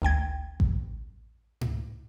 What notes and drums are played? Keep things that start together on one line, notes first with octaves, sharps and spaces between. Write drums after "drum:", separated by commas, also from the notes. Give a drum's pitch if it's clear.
G#1 D2 G5 G#6
drum: kick A1
drum: tom G#2